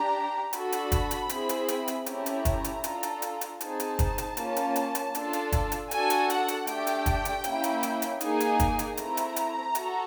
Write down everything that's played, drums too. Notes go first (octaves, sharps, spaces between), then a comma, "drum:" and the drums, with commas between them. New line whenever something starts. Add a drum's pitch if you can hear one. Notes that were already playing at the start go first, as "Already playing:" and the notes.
Already playing: D4 G4 A#5
D4 F#4 A4 B5, drum: hi-hat
drum: hi-hat
drum: kick, hi-hat
drum: hi-hat
C4 E4 G#4, drum: hi-hat
drum: hi-hat
drum: hi-hat
drum: hi-hat
A3 C#4 E4 G4 A#5, drum: hi-hat
drum: hi-hat
drum: kick, hi-hat
drum: hi-hat
D4 F4 A4, drum: hi-hat
drum: hi-hat
drum: hi-hat
drum: hi-hat
C4 D#4 G#4 A5, drum: hi-hat
drum: hi-hat
drum: kick, hi-hat
drum: hi-hat
A#3 C#4 F4, drum: hi-hat
drum: hi-hat
drum: hi-hat
drum: hi-hat
D4 F4 A4, drum: hi-hat
drum: hi-hat
drum: kick, hi-hat
drum: hi-hat
D4 F#4 A4 G#5, drum: hi-hat
drum: hi-hat
F#5, drum: hi-hat
drum: hi-hat
A3 D4 G4 G5, drum: hi-hat
drum: hi-hat
drum: kick, hi-hat
drum: hi-hat
A#3 C#4 E4, drum: hi-hat
drum: hi-hat
drum: hi-hat
drum: hi-hat
A#3 D#4 G#4 G#5, drum: hi-hat
drum: hi-hat
drum: kick, hi-hat
drum: hi-hat
A3 C4 E4 A#5, drum: hi-hat
drum: hi-hat
drum: hi-hat
F#4 A4, drum: hi-hat